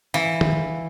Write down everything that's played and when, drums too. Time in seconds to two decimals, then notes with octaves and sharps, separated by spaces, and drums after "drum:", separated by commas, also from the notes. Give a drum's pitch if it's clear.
0.14 E3 F5
0.41 drum: tom D#3